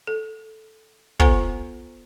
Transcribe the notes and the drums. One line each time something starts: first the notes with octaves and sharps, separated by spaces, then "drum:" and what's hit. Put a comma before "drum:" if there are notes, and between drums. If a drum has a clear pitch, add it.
A4
B3 F4 A4 C5 F#5 A#5, drum: kick